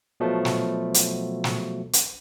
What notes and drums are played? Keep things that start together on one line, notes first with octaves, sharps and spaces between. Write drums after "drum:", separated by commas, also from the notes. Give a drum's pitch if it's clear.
B2 F3 F#3 A3
drum: snare
drum: hi-hat
drum: snare
drum: hi-hat